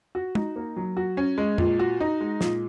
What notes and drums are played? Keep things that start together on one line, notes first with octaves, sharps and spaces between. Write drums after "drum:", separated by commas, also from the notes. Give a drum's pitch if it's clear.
F#4
D#4, drum: tom
A#3
F#3
F#4
C#4
G#3
A#2, drum: tom F2
F#4
D#4
G#3
A#2, drum: snare